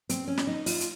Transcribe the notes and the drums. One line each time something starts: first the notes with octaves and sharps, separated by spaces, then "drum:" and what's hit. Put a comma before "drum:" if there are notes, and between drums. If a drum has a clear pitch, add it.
C4, drum: hi-hat
C#4
drum: snare
D#4
F4, drum: open hi-hat
drum: hi-hat